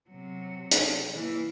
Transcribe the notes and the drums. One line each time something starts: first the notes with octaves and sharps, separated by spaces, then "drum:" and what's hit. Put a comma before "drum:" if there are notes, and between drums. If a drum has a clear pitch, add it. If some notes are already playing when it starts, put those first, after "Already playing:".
C3 F#3
drum: hi-hat
E3 A#3